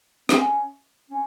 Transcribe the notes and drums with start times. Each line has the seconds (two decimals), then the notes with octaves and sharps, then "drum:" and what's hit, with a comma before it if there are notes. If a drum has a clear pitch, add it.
0.29 C4, drum: rim click
0.38 C#4
1.10 C#4